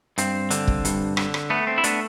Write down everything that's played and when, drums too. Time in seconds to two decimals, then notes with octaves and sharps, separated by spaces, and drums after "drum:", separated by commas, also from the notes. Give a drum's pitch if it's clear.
0.18 G2 C4, drum: hi-hat
0.51 D3, drum: hi-hat
0.67 drum: kick
0.85 G2, drum: hi-hat
1.17 D3, drum: rim click
1.34 drum: rim click
1.50 A3 B3
1.67 C4
1.78 E4
1.84 A3 B3 D4, drum: hi-hat